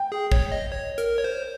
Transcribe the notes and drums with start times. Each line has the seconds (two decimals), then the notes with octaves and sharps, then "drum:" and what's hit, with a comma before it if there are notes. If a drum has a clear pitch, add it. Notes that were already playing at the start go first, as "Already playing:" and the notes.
Already playing: G5
0.12 G#4
0.32 C#5, drum: kick
0.52 D#5
0.72 C#5
0.98 A#4, drum: hi-hat
1.18 C#5
1.24 C5